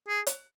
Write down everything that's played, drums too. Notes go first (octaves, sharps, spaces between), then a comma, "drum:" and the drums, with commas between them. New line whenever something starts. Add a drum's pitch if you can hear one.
G#4
drum: hi-hat